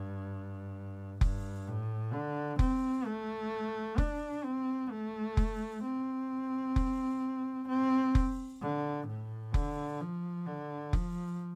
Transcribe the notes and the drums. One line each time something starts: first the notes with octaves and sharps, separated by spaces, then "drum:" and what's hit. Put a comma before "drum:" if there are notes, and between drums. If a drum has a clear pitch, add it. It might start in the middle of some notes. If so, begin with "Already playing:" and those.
Already playing: G2
G2, drum: kick F1
A2
D3
C4, drum: kick F1
A3
D4, drum: kick F1
C4
A3
drum: kick F1
C4
drum: kick F1
C4
drum: kick F1
D3
A2
D3, drum: kick F1
F3
D3
F3, drum: kick F1